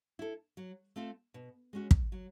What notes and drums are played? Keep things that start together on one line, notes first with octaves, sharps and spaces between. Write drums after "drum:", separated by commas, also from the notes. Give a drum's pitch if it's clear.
E4 A4
F#3
A3 C4 F4 A4
B2
G#3 C#4 F#4
drum: kick
F#3